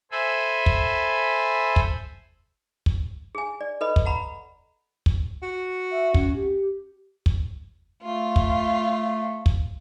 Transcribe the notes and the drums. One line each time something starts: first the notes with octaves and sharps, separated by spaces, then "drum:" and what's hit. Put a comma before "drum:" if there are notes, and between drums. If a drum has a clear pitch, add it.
A4 C5 E5 G#5 B5
drum: kick
drum: kick
drum: kick
G#4 G#5
D5
A4 B4 D#5 B5
drum: kick
F#5 A#5 B5
drum: kick
F#4
E5
C#4, drum: kick
G4
drum: kick
A3 F4
drum: kick
drum: kick